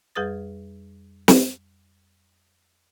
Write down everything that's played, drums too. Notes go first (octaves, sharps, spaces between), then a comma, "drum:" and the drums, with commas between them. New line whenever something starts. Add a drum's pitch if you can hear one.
F2 G3 G#4 B4 D#6 A6
drum: snare